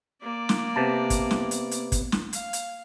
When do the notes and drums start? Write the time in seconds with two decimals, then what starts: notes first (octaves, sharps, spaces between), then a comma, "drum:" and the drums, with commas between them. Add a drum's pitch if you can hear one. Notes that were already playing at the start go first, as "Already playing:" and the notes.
0.22 A#3 D5
0.49 drum: snare
0.76 C3 B3 A5
1.10 drum: kick, hi-hat
1.31 drum: snare
1.51 drum: hi-hat
1.71 drum: hi-hat
1.92 drum: kick, hi-hat
2.12 drum: snare
2.33 F5, drum: hi-hat
2.53 drum: hi-hat